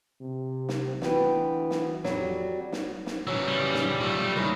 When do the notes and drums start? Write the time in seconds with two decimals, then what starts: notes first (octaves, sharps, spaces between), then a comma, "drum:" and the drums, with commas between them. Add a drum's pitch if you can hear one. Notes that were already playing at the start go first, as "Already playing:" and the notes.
0.21 C3
0.69 drum: snare
1.02 D2 E3 B3 G5, drum: snare
1.71 drum: snare
2.05 F2 F#3 G3, drum: snare
2.72 drum: snare
3.06 drum: snare
3.27 C#3 E3 F#3
3.48 G3
3.74 drum: snare
4.00 B1 F3 A3
4.36 D#2 D#3 C#4 E4 A#4